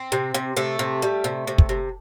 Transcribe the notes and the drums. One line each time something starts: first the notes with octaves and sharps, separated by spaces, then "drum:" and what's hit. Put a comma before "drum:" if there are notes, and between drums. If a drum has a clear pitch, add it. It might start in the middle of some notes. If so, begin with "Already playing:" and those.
Already playing: C4
C3
C3
C3 A3
C3
G3
C3
C3
drum: kick
C3